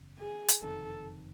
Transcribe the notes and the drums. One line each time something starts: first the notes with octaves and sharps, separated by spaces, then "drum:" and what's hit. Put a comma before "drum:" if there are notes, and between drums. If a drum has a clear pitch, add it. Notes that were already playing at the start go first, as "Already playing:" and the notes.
Already playing: F#1 E2 C#3
G#4
drum: hi-hat
F#1 F2 C3 D#3 A4